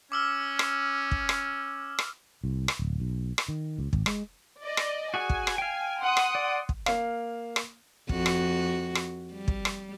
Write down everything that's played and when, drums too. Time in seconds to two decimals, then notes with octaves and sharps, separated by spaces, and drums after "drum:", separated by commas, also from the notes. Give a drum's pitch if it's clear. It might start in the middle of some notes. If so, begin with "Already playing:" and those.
0.12 C#4 D6 E6 F6
0.59 drum: rim click
1.11 drum: kick
1.29 drum: rim click
1.99 drum: rim click
2.44 C2
2.68 drum: rim click
2.79 D1
3.00 B1
3.38 drum: rim click
3.48 D#3
3.78 C#2
3.93 G#1, drum: kick
4.06 G#3, drum: rim click
4.62 D5 D#5
4.77 drum: rim click
5.14 F#4 G#4 F#5 G#5
5.30 drum: kick
5.47 drum: rim click
5.58 F5 G5
6.02 F#5 C6 D#6
6.17 drum: rim click
6.35 D5
6.69 drum: kick
6.86 A#3 F5, drum: rim click
7.56 drum: rim click
8.09 F2 F#4, drum: kick
8.26 drum: rim click
8.95 drum: rim click
9.33 G3
9.48 drum: kick
9.65 drum: rim click